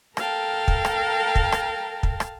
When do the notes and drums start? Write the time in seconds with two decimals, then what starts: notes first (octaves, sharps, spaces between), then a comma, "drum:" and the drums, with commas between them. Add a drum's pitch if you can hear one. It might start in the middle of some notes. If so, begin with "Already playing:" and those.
0.17 A4 A#4 F5 G5 A5, drum: rim click
0.68 drum: kick
0.85 drum: rim click
1.35 drum: kick
1.52 drum: rim click
2.03 drum: kick
2.20 drum: rim click